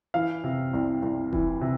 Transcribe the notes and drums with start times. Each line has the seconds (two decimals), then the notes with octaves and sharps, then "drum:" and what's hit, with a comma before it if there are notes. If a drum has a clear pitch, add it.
0.14 E3 F5
0.44 C3
0.73 C2
1.02 C2
1.33 E3, drum: kick E1
1.61 C3